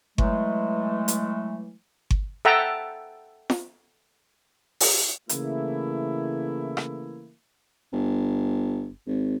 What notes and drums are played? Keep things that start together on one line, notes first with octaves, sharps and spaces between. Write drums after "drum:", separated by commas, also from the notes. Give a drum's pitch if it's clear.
E3 F#3 G#3 A3, drum: kick G1
drum: hi-hat
drum: kick G1
A4 E5 F#5 G5 A5 A#5
drum: snare F4
drum: open hi-hat
C#3 E3 A3 A#3 E4, drum: hi-hat
drum: rim click
G1
G#1